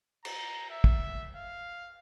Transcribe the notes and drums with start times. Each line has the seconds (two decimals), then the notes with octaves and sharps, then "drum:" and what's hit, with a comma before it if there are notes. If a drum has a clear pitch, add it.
0.25 A#5, drum: cymbal
0.70 E5
0.84 drum: kick
1.36 F5